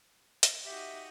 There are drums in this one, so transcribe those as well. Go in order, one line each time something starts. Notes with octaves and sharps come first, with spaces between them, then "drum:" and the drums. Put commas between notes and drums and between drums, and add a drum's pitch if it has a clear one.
drum: hi-hat
D#4 F#4 G4 E5